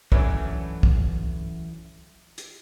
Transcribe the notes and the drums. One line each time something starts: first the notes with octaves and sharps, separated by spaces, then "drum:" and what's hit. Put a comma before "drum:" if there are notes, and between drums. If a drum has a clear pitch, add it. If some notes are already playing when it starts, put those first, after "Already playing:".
E3 F#3 A3 C#4 D4, drum: kick
drum: kick
drum: hi-hat